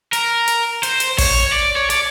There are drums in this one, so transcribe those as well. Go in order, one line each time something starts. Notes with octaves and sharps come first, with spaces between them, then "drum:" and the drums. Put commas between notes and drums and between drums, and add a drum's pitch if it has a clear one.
A#4, drum: hi-hat
drum: hi-hat
C5, drum: hi-hat
drum: hi-hat
C#5, drum: kick, open hi-hat
D5
C#5
D5, drum: hi-hat